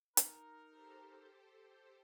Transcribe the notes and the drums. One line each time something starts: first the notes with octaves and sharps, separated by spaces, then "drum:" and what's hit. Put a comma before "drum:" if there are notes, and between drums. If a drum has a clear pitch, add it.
D#4 A#4, drum: hi-hat
G4 A4 C5